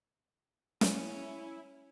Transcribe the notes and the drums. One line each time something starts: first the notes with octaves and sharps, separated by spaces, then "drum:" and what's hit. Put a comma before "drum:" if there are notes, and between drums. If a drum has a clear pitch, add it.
C#4 E4, drum: snare